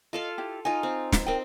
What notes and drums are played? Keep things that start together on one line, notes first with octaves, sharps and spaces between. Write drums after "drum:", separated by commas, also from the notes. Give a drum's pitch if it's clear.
F4 A4 D#5 F5
E4 G4
D#4 F4 G#5
C4
drum: snare
C4 D#4 A#4 D#5 G5